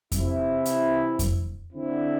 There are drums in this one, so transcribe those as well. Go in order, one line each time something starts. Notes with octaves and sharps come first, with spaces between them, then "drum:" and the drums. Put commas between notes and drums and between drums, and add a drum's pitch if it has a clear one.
C3 E3 C4 E4, drum: kick F2, hi-hat
drum: hi-hat
drum: kick F2, hi-hat
D3 C4 E4